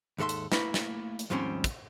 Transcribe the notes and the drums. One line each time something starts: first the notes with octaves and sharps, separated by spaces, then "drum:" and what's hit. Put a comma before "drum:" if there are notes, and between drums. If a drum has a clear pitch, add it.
D#2 G#2 A4 E5 C6
drum: hi-hat
A3 A#3 E4 B4, drum: snare
drum: snare
drum: hi-hat
D#2 G#2 F3 G3 C4 C#4
drum: kick, hi-hat